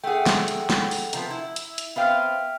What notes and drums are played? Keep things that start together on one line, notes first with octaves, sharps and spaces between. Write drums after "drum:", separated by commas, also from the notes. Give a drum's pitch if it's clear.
A3 G#4 F#5 G5
drum: snare
drum: hi-hat
drum: snare
drum: open hi-hat
C3 F3 B3, drum: hi-hat
E4
drum: hi-hat
drum: hi-hat
B3 C4 E5 F5 G5 F6